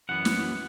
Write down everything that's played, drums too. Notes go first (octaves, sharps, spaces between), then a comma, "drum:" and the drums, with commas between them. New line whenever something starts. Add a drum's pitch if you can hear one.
F#2 E3 B3 F#5
drum: snare